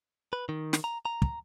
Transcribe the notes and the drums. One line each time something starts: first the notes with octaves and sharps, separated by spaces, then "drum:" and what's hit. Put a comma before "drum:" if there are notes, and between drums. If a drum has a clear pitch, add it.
B4
D#3
drum: snare
A#5
A#5
drum: kick